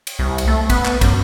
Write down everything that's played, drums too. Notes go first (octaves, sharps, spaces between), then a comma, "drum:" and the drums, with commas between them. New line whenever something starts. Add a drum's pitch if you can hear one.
drum: cymbal
C2
drum: cymbal
A3
B3, drum: kick, cymbal
drum: clap
F#2, drum: kick, cymbal